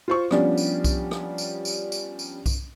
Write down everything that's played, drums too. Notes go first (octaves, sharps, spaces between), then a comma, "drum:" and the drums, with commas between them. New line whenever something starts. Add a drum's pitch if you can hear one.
F4 C5 C#6
F3 G3 B3 C#4 D4, drum: rim click
drum: tambourine
drum: kick B1, tambourine
drum: rim click
drum: tambourine
drum: tambourine
drum: tambourine
drum: tambourine
drum: kick B1, tambourine